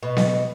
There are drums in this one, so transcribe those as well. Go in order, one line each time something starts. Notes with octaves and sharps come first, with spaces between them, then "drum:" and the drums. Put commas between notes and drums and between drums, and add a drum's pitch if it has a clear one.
B2
drum: snare B3